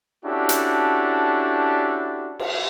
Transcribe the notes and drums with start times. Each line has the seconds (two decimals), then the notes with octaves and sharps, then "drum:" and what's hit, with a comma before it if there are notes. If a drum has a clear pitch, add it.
0.25 C#4 D4 E4 F#4 G4 A4
0.49 drum: hi-hat
2.39 drum: cymbal